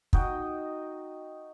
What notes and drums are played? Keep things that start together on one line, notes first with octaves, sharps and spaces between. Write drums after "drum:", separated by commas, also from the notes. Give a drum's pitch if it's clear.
D#4 F#4 D#5 G5, drum: kick